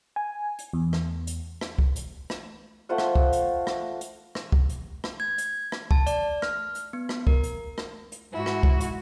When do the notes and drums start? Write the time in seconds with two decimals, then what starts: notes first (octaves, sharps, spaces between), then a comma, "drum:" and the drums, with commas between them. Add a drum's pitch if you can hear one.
0.16 G#5
0.59 drum: hi-hat
0.73 E2
0.93 drum: rim click
1.27 drum: hi-hat
1.61 drum: rim click
1.79 drum: kick
1.96 drum: hi-hat
2.30 drum: rim click
2.89 A3 F4 C5 F#5
2.98 drum: rim click
3.15 drum: kick
3.33 drum: hi-hat
3.67 drum: rim click
4.01 drum: hi-hat
4.35 drum: rim click
4.52 drum: kick
4.70 drum: hi-hat
5.04 drum: rim click
5.20 G#6
5.38 drum: hi-hat
5.72 drum: rim click
5.91 A5, drum: kick
6.07 D5, drum: hi-hat
6.42 F6, drum: rim click
6.75 drum: hi-hat
6.93 B3
7.09 drum: rim click
7.27 A#4, drum: kick
7.43 drum: hi-hat
7.78 drum: rim click
8.12 drum: hi-hat
8.33 G#2 E4 F#4
8.46 drum: rim click
8.63 drum: kick
8.80 drum: hi-hat